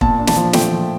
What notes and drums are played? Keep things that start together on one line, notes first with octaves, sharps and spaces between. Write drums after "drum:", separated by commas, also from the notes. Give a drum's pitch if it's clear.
A#2 A5, drum: kick
D4
A5, drum: snare
F3
A3 G5, drum: snare
F3